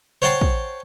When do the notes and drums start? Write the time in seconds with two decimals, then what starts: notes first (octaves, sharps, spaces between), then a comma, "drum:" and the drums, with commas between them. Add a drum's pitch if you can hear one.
0.22 C5 C#5 F#5 G5 A5 C6
0.41 drum: kick